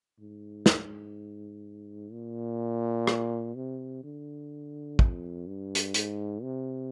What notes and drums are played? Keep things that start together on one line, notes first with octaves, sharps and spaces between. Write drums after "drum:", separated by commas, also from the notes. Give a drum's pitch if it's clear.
G#2
drum: snare
A#2
drum: rim click
C3
D3
F2, drum: kick
G2
drum: hi-hat
G#2, drum: hi-hat
C3